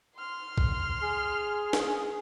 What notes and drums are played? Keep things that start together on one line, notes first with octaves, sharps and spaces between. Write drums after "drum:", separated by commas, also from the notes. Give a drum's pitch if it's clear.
C6 F6
drum: kick B1
G#4
drum: snare